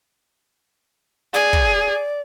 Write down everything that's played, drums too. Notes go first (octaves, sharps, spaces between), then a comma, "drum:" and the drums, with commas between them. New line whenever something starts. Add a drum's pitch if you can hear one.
G#4 D5
drum: kick